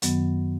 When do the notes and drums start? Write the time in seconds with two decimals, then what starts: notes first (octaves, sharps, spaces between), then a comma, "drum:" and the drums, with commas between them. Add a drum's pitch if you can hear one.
0.02 F#2 D#3 F#3 B3, drum: hi-hat